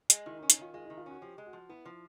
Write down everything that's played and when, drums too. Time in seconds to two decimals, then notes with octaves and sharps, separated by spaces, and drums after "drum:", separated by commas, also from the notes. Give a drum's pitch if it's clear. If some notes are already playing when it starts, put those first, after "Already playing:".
0.10 G#3, drum: hi-hat
0.26 D#3 E4
0.39 D#4
0.43 C#4
0.50 D#4, drum: hi-hat
0.58 D#3 F4
0.73 G#3 F4
0.85 E4
0.90 D#3
0.97 F4
1.06 C#4 F#4
1.21 F3 G4
1.38 G#3
1.46 F#4
1.53 F3
1.69 B3 E4
1.85 F3